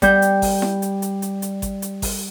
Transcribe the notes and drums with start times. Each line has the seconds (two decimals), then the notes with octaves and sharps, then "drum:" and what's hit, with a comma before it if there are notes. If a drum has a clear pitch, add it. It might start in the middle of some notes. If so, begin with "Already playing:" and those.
0.02 G3 G6, drum: kick G#1, hi-hat
0.22 drum: hi-hat
0.42 drum: kick G#1, open hi-hat
0.62 drum: snare E4
0.82 drum: hi-hat
1.02 drum: hi-hat
1.22 drum: hi-hat
1.42 drum: hi-hat
1.62 drum: kick G#1, hi-hat
1.82 drum: hi-hat
2.02 drum: kick G#1, open hi-hat